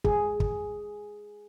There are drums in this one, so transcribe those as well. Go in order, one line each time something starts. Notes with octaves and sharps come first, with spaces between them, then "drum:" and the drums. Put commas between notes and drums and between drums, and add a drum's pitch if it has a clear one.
G#4, drum: kick
drum: kick